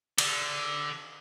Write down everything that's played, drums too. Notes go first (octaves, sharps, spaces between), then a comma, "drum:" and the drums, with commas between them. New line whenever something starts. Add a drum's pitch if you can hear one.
D3, drum: cymbal